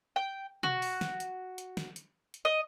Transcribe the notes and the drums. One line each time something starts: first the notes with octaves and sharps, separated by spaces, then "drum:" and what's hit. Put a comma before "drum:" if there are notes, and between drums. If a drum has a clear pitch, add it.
G5
F#4, drum: tom B2
drum: open hi-hat
drum: snare
drum: hi-hat
drum: hi-hat
drum: snare
drum: hi-hat
drum: hi-hat
D#5